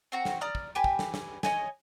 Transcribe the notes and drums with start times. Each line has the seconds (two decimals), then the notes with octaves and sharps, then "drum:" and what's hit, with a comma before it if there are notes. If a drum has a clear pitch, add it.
0.12 C4 F#4 A#5
0.25 drum: snare
0.41 D5 A#5 D#6 F6
0.55 drum: kick
0.75 G4 B4 G#5
0.84 drum: kick
0.99 drum: snare
1.14 drum: snare
1.43 C#5 D#5 G#5, drum: snare